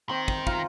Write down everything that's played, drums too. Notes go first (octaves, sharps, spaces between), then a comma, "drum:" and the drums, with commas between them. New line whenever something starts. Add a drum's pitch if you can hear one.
D#3 C4
drum: kick
F4, drum: kick